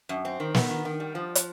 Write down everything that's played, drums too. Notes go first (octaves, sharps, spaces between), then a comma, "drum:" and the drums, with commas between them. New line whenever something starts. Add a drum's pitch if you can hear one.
F#2
C4
D#3
B3, drum: snare
D#3
D#3
G3
F3
drum: hi-hat